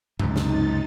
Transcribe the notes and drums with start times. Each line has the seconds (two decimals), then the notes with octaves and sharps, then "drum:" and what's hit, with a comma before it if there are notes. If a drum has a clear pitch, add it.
0.20 C#2 F#2 C3 D#4 A6, drum: tom G2
0.36 drum: snare